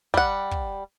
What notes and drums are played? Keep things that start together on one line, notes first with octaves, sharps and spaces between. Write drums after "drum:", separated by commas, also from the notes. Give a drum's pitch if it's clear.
G3 F#5, drum: kick
drum: kick